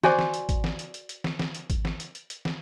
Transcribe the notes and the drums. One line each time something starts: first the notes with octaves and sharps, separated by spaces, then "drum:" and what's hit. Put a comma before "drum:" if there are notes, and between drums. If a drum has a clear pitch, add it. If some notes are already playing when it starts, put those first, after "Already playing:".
F#4 C5 D5 G#5, drum: snare
drum: snare
drum: hi-hat
drum: kick G#1, hi-hat
drum: snare
drum: hi-hat
drum: hi-hat
drum: hi-hat
drum: snare
drum: snare
drum: hi-hat
drum: kick G#1, hi-hat
drum: snare
drum: hi-hat
drum: hi-hat
drum: hi-hat
drum: snare